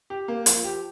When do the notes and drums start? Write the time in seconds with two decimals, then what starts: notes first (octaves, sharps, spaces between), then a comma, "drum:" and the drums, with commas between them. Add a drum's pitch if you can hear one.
0.10 G4
0.28 A#3
0.46 F3, drum: hi-hat
0.64 G4